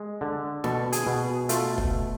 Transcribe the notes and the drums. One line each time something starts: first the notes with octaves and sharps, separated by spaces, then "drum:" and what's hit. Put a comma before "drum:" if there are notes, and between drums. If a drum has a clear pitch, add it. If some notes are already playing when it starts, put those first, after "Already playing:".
Already playing: G#3
D3
B2 A4, drum: snare
G#4, drum: hi-hat
B2
A3 F4, drum: hi-hat
drum: kick